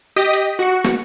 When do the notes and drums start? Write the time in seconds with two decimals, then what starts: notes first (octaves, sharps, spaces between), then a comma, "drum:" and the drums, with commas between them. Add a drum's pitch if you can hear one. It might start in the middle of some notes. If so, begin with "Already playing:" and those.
0.16 G4 D#5 D#6 B6
0.33 drum: hi-hat
0.59 F#4 C#7
0.85 drum: snare